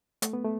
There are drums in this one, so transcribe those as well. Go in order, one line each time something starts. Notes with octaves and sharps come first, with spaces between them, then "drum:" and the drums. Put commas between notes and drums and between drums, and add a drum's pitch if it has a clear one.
A3, drum: hi-hat
B3
A3